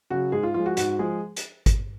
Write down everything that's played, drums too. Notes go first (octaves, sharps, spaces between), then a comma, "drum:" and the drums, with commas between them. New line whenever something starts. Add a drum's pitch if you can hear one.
C#3 F#3 F#4
G#2 G#3 G#4
F4
F3 G#3 F4
F#4
G#2 F#4, drum: hi-hat
F3 G#3 G#4
drum: hi-hat
drum: kick G#1, hi-hat